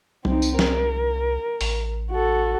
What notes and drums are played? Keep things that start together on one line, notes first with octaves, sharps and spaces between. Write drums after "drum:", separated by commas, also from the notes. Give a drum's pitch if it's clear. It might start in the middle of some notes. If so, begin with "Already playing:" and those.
C2 C4 D#4, drum: tom
drum: tambourine
A#4, drum: snare
A1, drum: open hi-hat
F#4 A4